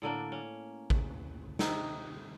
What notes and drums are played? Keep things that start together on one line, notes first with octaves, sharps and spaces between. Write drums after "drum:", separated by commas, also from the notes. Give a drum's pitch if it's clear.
A2 D3 A#3 D4
C#4
drum: kick A1
C3 D#3 D#4, drum: snare